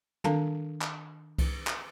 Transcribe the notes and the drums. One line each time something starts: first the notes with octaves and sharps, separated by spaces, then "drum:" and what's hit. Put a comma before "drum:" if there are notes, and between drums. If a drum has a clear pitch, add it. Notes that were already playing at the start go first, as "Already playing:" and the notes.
D#3 D4 A4 F5 A5, drum: tom
drum: clap
drum: kick C2, cymbal
drum: clap